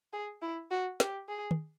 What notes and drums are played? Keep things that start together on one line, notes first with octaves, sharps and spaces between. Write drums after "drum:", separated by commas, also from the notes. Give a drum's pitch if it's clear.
G#4
E4
F#4
G4, drum: snare
G#4
drum: tom